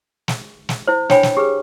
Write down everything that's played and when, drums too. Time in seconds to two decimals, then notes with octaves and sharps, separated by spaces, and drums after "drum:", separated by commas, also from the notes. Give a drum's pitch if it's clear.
0.28 drum: snare
0.69 drum: snare
0.87 E4 C5
1.10 D4 C#5 G5 G#5 B5, drum: snare
1.23 drum: snare
1.37 G4 G#4 B4